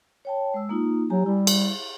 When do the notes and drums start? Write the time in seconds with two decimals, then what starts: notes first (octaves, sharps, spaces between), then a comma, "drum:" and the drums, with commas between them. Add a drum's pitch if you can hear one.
0.25 C#5 G5 A5
0.54 G#3 E6
0.69 A#3 D#4 F4
1.10 F#3 G4 G#5 A#5
1.26 G3 E4
1.47 drum: cymbal